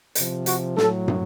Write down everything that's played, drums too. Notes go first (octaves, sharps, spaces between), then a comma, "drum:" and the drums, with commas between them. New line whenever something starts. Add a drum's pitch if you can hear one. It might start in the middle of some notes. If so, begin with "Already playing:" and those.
C3 F3, drum: hi-hat
F#4, drum: hi-hat
A2 F#3 A4, drum: snare
drum: tom